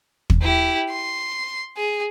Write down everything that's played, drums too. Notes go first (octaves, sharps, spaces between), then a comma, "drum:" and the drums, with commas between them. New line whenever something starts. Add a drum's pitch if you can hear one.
drum: kick
E4 G4
C6
G#4